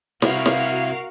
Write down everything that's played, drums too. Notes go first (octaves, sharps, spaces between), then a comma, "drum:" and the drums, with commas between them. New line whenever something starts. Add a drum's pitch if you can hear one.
C3 E4 F#4 A#4 F5, drum: snare
drum: snare